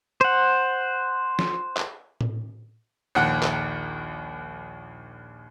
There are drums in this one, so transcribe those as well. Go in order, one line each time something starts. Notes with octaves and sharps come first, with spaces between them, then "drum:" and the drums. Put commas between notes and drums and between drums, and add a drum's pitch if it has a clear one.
C5 F#5
drum: snare
drum: clap
drum: tom A2
A#1 D#2 F#5 F#6
drum: clap